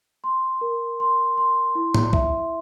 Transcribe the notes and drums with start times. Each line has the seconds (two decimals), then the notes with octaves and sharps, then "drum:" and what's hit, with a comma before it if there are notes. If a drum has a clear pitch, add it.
0.24 C6
0.61 A#4
1.00 C6
1.38 C6
1.75 E4
1.94 drum: tom A2
2.13 E5, drum: kick C2